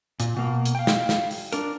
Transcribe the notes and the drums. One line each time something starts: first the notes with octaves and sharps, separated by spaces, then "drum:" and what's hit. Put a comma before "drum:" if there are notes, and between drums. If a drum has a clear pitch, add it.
A#2, drum: hi-hat
B2 A#3
drum: hi-hat
F5 G5
drum: snare
drum: snare
drum: open hi-hat
D4 A#4, drum: hi-hat